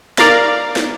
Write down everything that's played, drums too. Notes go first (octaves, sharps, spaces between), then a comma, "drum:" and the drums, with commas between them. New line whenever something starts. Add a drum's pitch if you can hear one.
A#4 D5 F5 A#5 A6, drum: snare
drum: snare